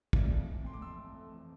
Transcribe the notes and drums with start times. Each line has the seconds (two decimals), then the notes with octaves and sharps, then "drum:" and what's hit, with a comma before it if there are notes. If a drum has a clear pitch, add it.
0.13 E3 D5 F5, drum: kick
0.30 F2
0.48 F2
0.64 F2 C6
0.73 D6
0.82 F2 C6 E6
0.99 F2
1.16 A3
1.33 E3